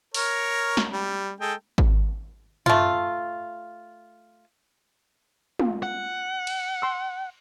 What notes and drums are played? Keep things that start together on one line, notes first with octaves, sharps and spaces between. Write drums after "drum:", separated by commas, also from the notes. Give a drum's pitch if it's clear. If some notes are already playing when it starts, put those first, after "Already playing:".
A#4 C#5, drum: open hi-hat
drum: snare
G3
G#3 A4 G5
drum: kick G#1
A3 F4, drum: tom
F4, drum: tom
F#5
drum: cymbal
C6 E6